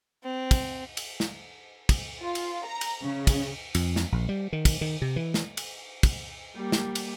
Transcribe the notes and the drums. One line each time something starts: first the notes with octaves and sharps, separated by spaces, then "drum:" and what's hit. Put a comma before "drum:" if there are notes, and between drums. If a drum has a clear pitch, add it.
C4
drum: kick, cymbal
drum: cymbal
drum: snare
drum: kick, cymbal
F4
drum: cymbal
A#5
drum: cymbal
C#3
drum: kick, cymbal
F2, drum: cymbal
drum: snare
A#1
G3
D#3
drum: kick, cymbal
D#3
C3
E3
drum: snare
drum: cymbal
drum: kick, cymbal
G3 A#3
drum: snare
drum: cymbal